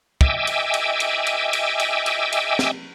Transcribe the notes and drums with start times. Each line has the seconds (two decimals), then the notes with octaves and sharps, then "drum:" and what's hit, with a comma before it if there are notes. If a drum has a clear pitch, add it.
0.21 D#5 E5 G5 G#5 D6 E6, drum: kick
0.47 drum: cymbal
0.74 drum: cymbal
1.00 drum: cymbal
1.27 drum: cymbal
1.53 drum: cymbal
1.80 drum: cymbal
2.06 drum: cymbal
2.33 drum: cymbal
2.59 drum: snare